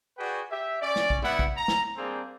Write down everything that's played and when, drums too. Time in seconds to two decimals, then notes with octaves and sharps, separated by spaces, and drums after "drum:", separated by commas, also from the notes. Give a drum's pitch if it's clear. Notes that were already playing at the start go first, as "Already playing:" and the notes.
0.18 F#4 G#4 B4 D5 G5
0.51 G4 E5
0.82 C#4 D5
0.96 drum: snare
1.10 drum: kick A#1
1.22 G3 B3 E4 F#5, drum: tom
1.39 drum: kick A#1
1.57 A#5
1.68 drum: snare
1.97 G3 A#3 C4 D4 G#4